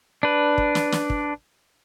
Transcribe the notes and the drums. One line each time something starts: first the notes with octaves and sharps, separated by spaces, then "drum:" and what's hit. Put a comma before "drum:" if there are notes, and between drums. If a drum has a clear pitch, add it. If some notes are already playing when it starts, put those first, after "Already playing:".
D4 B4
drum: kick
drum: snare
drum: snare
drum: kick